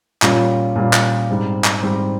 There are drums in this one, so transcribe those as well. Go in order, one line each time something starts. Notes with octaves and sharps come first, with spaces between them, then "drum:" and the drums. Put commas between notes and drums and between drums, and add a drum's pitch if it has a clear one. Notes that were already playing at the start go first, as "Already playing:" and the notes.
A#2 G3 C#4 F4, drum: clap
A#2 G3 C#4 F4
drum: clap
G#2 G3 C4
drum: clap
G#2 G3 C4